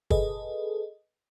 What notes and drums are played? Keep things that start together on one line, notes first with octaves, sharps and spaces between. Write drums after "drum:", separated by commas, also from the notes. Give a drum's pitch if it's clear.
G#4 A4 B4 D#5, drum: kick